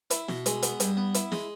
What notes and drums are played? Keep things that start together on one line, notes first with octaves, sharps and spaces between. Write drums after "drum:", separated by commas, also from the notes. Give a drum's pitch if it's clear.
E4, drum: hi-hat
B2, drum: snare
G#3, drum: hi-hat
B3, drum: hi-hat
G2, drum: hi-hat
B3
E4, drum: hi-hat
G#3, drum: snare